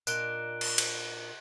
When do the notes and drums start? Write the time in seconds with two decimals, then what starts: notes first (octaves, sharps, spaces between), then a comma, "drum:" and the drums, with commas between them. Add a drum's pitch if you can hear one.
0.07 A#2 D4 D#4 F#6 D7 G7, drum: tambourine
0.61 drum: cymbal
0.78 drum: cymbal